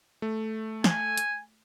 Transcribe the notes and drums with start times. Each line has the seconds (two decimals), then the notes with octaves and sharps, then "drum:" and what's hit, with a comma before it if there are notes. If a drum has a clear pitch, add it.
0.22 A3
0.84 G#5, drum: snare
1.17 drum: hi-hat